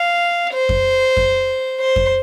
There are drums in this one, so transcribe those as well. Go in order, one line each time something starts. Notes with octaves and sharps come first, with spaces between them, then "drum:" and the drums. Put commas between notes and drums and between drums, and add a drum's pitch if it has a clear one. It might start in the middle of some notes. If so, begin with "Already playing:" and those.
Already playing: F5
C5
drum: kick F2
drum: kick F2
C5
drum: kick F2